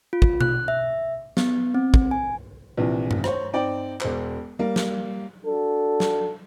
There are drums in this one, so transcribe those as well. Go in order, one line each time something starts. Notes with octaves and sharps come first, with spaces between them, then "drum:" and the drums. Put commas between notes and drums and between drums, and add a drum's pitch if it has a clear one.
F4
drum: kick
F#6, drum: tom B2
E5
B3, drum: snare
C4
drum: kick
G#5
A#1 C3 E3 F3
drum: tom G2
C5 C#5, drum: rim click
C4 D#4 D5 G5
E1 C5, drum: clap
G3 A#3
drum: snare
D4 F#4 A4
drum: snare